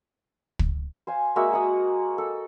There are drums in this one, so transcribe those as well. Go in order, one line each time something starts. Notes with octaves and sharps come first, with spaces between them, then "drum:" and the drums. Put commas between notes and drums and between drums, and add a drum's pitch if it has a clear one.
drum: kick
C5 F5 G#5
G#3 A#3 F#4 E5
F#5 D#6
A4